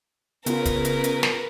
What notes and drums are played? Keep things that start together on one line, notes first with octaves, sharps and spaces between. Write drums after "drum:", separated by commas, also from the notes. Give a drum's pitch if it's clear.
C#3 B3 F4 A#4 B4, drum: hi-hat
drum: kick, hi-hat
drum: hi-hat
drum: hi-hat
drum: snare